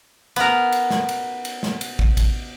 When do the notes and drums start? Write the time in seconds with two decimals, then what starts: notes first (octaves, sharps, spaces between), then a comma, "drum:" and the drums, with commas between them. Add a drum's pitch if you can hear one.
0.36 B3 A#4, drum: cymbal
0.72 drum: cymbal
0.91 drum: snare
1.09 drum: cymbal
1.45 drum: cymbal
1.63 drum: snare
1.81 drum: cymbal
1.99 drum: kick
2.17 drum: kick, cymbal